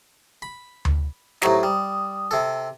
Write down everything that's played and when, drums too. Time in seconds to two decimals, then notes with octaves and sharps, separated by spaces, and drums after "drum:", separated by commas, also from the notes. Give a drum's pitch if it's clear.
0.42 B5
0.85 drum: tom D2
1.42 A2 F#3 D#4 G4 C5 A#5, drum: snare
1.63 G3 D#6
2.31 C3 A4